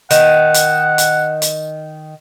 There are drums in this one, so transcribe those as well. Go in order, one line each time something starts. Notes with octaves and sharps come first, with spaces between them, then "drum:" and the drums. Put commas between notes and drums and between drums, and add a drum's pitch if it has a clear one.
D#3 F#5, drum: hi-hat
drum: hi-hat
drum: hi-hat
drum: hi-hat